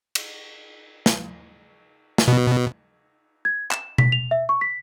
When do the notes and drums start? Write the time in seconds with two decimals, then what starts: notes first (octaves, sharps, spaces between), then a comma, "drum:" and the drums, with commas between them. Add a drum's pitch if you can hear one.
0.15 drum: cymbal
1.06 drum: snare
2.18 drum: snare
2.28 B2
3.45 G#6
3.71 E7, drum: clap
3.98 B6, drum: tom B2
4.12 F7
4.31 E5
4.49 C#6
4.61 B6